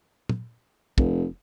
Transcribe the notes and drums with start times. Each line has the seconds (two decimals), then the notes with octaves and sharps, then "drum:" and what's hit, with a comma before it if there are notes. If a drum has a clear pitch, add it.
0.29 drum: tom
0.98 F1, drum: kick